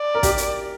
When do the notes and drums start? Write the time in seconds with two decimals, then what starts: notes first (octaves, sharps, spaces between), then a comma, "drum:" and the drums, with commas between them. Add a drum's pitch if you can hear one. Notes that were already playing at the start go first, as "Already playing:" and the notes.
Already playing: D5
0.15 A#4
0.23 G4, drum: kick, hi-hat
0.38 drum: hi-hat